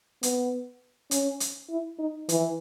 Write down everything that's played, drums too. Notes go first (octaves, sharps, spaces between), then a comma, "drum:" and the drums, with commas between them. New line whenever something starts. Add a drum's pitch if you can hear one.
B3, drum: hi-hat
C#4, drum: hi-hat
drum: hi-hat
E4
D#4
E3, drum: hi-hat